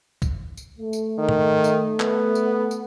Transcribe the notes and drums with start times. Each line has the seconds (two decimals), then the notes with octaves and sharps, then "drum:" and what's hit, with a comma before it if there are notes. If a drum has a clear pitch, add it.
0.22 drum: kick, tambourine
0.57 drum: tambourine
0.79 A3
0.93 drum: tambourine
1.19 D#3
1.29 drum: tom G#2
1.64 drum: tambourine
2.00 B3, drum: clap
2.35 drum: tambourine
2.71 drum: tambourine